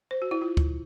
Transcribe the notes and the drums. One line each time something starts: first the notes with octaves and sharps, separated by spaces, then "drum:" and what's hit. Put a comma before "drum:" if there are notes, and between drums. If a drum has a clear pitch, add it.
C5
F#4
E4
F4
drum: kick